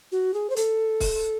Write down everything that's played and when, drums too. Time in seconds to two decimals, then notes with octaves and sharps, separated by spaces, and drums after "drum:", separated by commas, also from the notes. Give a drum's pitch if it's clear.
0.12 F#4
0.34 G#4
0.50 C5
0.56 A4, drum: hi-hat
1.00 drum: kick, open hi-hat